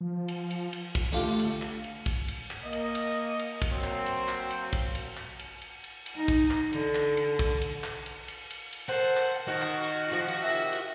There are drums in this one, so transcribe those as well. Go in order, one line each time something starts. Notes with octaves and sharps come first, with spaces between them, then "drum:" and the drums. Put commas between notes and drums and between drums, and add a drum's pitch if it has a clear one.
F3
drum: cymbal
drum: cymbal
drum: cymbal
drum: kick, cymbal
D3 A3 F4 G4
drum: cymbal
drum: clap
drum: cymbal
drum: kick, cymbal
drum: cymbal
drum: clap
A#3 D#5
drum: cymbal
drum: cymbal
drum: cymbal
drum: kick, cymbal
F#3 A#3 C4
drum: clap
drum: cymbal
drum: clap
drum: cymbal
drum: kick, cymbal
drum: cymbal
drum: clap
drum: cymbal
drum: cymbal
drum: cymbal
drum: cymbal
D#4
drum: kick, cymbal
drum: clap
D3, drum: cymbal
drum: clap
drum: cymbal
drum: kick, cymbal
drum: cymbal
drum: clap
drum: cymbal
drum: cymbal
drum: cymbal
drum: cymbal
A4 A#4 C5 F#5
drum: clap
D#3 F#4
drum: clap
drum: cymbal
F3 F#4
drum: cymbal
C3 D#3 E5
drum: cymbal